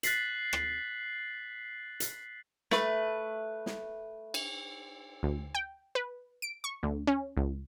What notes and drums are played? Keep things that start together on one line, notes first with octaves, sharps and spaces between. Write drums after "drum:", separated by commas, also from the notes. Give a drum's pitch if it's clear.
F#6 A6 B6 C7 F#7, drum: hi-hat
drum: rim click
drum: hi-hat
A3 B4, drum: snare
drum: snare
drum: cymbal
D2
G5
B4
D7
C#6
D2
C#4
C#2